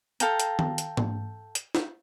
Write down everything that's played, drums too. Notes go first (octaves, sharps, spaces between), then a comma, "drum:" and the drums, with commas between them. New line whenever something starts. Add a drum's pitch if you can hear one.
A4 F5 G5 A#5, drum: hi-hat
drum: hi-hat
drum: tom
drum: hi-hat
drum: tom G#2
drum: hi-hat
drum: snare